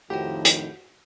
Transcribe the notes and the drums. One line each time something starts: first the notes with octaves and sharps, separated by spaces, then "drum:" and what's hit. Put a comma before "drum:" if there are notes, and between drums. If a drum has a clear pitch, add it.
F2 A2 D#3 F3 F#4 G4 F#5
drum: hi-hat